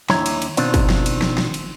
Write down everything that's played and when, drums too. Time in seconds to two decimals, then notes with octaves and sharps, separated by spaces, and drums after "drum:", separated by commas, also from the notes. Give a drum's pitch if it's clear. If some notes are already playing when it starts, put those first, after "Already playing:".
0.10 D#2 D4 E4 C#5 A#5, drum: snare
0.26 drum: cymbal
0.42 drum: cymbal
0.57 B2 D#3 C4 D4 F4, drum: cymbal
0.74 drum: kick, cymbal
0.90 drum: snare
1.06 drum: cymbal
1.22 drum: snare
1.38 drum: snare
1.54 drum: cymbal